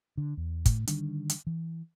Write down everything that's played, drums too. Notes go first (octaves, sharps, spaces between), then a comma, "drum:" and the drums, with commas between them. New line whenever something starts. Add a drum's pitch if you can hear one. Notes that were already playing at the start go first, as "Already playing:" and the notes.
D3
E2
A2, drum: kick, hi-hat
D3 D#3 G3 D4, drum: hi-hat
drum: hi-hat
E3